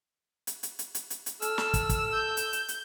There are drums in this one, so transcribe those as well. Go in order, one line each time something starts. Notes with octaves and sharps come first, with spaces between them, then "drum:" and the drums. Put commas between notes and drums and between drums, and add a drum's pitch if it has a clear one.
drum: hi-hat
drum: hi-hat
drum: hi-hat
drum: hi-hat
drum: hi-hat
drum: hi-hat
A4 E6 F6, drum: hi-hat
drum: snare
drum: kick, hi-hat
drum: kick, hi-hat
G6
drum: hi-hat
drum: hi-hat
drum: hi-hat